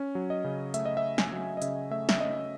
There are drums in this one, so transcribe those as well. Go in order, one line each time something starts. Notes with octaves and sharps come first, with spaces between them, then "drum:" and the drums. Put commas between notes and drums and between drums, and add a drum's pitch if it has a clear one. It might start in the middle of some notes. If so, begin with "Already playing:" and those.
Already playing: C#4
F#3
D#5
C#3
A3 E5, drum: hi-hat
D#5
E5
C#4
G#5, drum: snare
F#3
D#5
C#3 E5, drum: hi-hat
A3 E5
E5, drum: snare
C#4 D#5